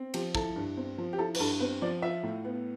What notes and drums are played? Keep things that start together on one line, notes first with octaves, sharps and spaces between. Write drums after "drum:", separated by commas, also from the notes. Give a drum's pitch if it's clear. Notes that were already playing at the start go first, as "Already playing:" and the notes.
Already playing: C4
F3 G4, drum: cymbal
E4 A4, drum: kick
G2
C4
F3
G4
E4 A4
B4, drum: cymbal
G2 A4
C4 B4
F3 D5
F4 E5
A2
B3